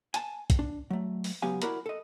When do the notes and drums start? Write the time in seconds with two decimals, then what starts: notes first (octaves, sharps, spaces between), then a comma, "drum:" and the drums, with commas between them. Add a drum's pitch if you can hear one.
0.14 G#5 A5, drum: hi-hat
0.50 drum: kick, hi-hat
0.59 D4
0.90 F#3 A3
1.24 drum: open hi-hat
1.42 C#2 F#3 B3 G4 F5 G#5
1.62 E4 F#4 A#4 D5 A#5 B5, drum: hi-hat
1.86 A4 D#5